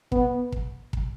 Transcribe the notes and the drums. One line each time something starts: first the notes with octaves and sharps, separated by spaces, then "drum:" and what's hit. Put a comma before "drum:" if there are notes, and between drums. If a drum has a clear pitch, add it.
B3, drum: kick
drum: kick
drum: kick